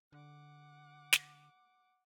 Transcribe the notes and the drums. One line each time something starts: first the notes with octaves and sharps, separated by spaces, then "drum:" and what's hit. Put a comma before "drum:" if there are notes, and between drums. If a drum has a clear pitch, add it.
D3 F#5 D6
drum: snare